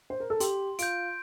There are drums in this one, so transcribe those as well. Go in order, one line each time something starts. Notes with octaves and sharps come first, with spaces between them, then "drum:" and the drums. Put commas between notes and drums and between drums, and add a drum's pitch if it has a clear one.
C5
A#4
A4
G4 C6, drum: hi-hat
F4 G6 D7, drum: hi-hat